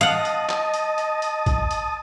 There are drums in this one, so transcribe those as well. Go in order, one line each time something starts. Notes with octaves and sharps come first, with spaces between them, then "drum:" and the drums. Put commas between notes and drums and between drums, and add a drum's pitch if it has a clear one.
D#5 F5 F#5 A5 D#6
drum: hi-hat
drum: clap
drum: hi-hat
drum: hi-hat
drum: hi-hat
drum: kick A1, hi-hat
drum: hi-hat